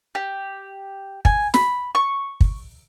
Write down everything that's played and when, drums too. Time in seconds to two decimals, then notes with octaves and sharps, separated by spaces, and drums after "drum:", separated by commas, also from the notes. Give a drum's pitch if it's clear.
0.15 G4
1.25 G#5, drum: kick
1.54 B5, drum: snare
1.95 C#6
2.41 drum: kick